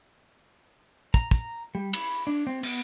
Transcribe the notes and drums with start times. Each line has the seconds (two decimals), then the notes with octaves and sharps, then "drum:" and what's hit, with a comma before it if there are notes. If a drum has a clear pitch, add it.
1.14 A#5, drum: kick
1.31 A#5, drum: kick
1.75 G3
1.93 B5, drum: cymbal
2.27 D4
2.47 C4
2.63 B3, drum: cymbal